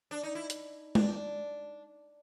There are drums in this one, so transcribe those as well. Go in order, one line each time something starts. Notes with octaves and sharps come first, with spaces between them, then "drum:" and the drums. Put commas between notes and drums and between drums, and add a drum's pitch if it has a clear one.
D4
D#4
E4
drum: hi-hat
D4, drum: tom G#3